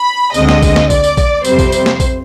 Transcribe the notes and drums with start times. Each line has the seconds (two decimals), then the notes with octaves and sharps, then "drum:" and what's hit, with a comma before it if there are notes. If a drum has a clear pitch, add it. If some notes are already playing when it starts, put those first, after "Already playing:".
Already playing: B5
0.34 D2 D3 G#3 C4 D#5, drum: tambourine
0.49 drum: snare
0.62 drum: kick, tambourine
0.76 drum: snare
0.90 D5, drum: kick, tambourine
1.04 drum: tambourine
1.17 drum: kick, tambourine
1.45 F2 C3 G3 C4 C5, drum: tambourine
1.59 drum: kick, tambourine
1.72 drum: tambourine
1.86 drum: snare
2.00 drum: kick, tambourine